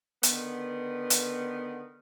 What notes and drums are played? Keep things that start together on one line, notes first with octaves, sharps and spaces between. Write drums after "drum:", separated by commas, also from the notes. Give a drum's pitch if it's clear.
D3 D#3 B3, drum: hi-hat
drum: hi-hat